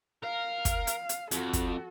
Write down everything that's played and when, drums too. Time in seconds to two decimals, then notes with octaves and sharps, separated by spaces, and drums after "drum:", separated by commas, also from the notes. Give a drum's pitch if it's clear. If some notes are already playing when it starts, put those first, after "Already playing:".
0.23 A#4 F5
0.65 drum: kick, hi-hat
0.87 drum: hi-hat
1.09 drum: hi-hat
1.31 F2 F#4 A4, drum: hi-hat
1.53 drum: kick, hi-hat